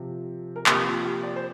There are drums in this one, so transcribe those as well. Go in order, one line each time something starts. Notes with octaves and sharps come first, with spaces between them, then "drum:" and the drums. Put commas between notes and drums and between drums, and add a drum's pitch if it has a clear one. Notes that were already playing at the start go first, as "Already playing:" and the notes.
Already playing: C3 F3 C4
A#4
C3 F3 A#3 G4, drum: clap
F4
G4
D5
C5